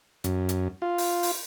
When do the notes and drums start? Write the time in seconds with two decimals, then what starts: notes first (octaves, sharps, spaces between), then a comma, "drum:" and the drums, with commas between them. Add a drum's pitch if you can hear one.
0.24 F#2, drum: hi-hat
0.49 drum: hi-hat
0.82 F4
0.98 drum: open hi-hat
1.23 drum: open hi-hat